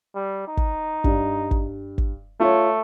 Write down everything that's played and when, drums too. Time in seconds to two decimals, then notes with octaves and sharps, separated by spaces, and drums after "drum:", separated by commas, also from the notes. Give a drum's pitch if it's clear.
0.15 G3
0.48 D#4
0.57 drum: kick
1.04 G2, drum: kick
1.51 drum: kick
1.98 drum: kick
2.40 A3 F4 C#5